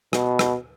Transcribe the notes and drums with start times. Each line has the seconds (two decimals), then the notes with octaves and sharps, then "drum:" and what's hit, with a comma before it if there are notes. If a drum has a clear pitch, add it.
0.13 B2, drum: rim click
0.39 drum: rim click